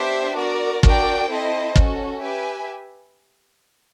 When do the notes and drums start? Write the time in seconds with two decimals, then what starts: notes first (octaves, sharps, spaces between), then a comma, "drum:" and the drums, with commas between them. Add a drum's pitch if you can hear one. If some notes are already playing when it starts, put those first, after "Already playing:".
Already playing: B3 D4 G4 C5 E5
0.37 F#4 A#4 D5
0.83 D4 F#4 A#4 D5 G5, drum: kick
1.29 C4 E4 A4 C5 D#5
1.76 C#4 F#4 A4, drum: kick
2.21 G4 B4 E5 G#5